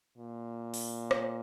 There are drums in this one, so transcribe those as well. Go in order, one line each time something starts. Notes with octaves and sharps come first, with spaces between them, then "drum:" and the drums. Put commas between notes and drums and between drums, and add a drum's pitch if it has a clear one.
A#2
drum: open hi-hat
drum: rim click